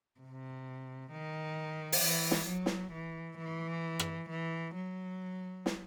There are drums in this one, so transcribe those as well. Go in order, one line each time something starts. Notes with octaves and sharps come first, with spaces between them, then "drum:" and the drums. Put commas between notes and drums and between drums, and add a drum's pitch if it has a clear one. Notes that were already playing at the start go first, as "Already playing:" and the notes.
C3
D#3
drum: open hi-hat
E3
drum: snare
F#3
drum: snare
E3
E3
drum: rim click
E3
F#3
drum: snare